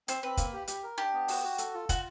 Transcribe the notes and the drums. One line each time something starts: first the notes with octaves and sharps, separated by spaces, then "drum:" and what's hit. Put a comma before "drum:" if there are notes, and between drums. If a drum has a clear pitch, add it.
C4 C5, drum: hi-hat
C4 B4
A#3, drum: kick, hi-hat
G4
G4, drum: hi-hat
A#4
D4 G4
B3
F#4, drum: open hi-hat
F#4
A4, drum: hi-hat
F4
F4 F#4, drum: kick, hi-hat